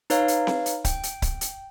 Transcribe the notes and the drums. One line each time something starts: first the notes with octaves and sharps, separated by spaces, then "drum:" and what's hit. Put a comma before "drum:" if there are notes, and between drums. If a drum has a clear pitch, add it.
D#4 B4 C#5 F5, drum: hi-hat
drum: hi-hat
drum: snare C4
drum: hi-hat
G5, drum: kick C#1, hi-hat
drum: hi-hat
drum: kick C#1, hi-hat
drum: hi-hat